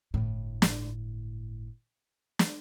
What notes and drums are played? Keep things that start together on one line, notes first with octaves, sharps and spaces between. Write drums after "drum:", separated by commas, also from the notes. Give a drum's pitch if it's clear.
G1 A2
drum: snare
drum: snare